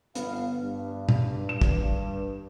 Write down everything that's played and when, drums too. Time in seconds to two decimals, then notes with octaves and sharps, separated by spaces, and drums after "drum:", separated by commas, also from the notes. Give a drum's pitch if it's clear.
0.15 G1 B3 F5, drum: hi-hat
0.61 G2
1.09 drum: tom
1.49 E7
1.62 drum: kick